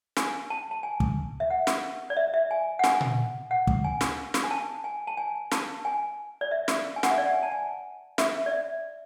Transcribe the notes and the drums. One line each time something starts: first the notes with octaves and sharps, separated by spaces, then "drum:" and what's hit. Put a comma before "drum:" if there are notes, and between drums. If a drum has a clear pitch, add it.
G#5, drum: snare
A5
A5
G#5
drum: kick
E5
F#5
drum: snare
D5
E5
E5
G#5
F#5
G#5, drum: snare
drum: tom A#2
F#5
drum: kick
G#5
drum: snare
drum: snare
G#5
A5
G#5
A5
G#5
A5, drum: snare
G#5
D5
E5
drum: snare
G#5
F#5, drum: snare
E5
D5
F#5
G#5
A5
G#5
E5, drum: snare
D5
E5